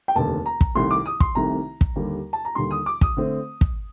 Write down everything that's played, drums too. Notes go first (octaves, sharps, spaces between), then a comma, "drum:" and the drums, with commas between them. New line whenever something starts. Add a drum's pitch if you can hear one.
G5
F1 D#2 D3 A5
A#5
drum: kick
C2 C3 D#3 A3 C6
D6
D#6
C6, drum: kick
C2 C3 D#3 A3 A#5
drum: kick
D#2 D3 G3
A5
A#5
D#2 D3 G3 C6
D#6
D6
D#6, drum: kick
D3 A3 C4
drum: kick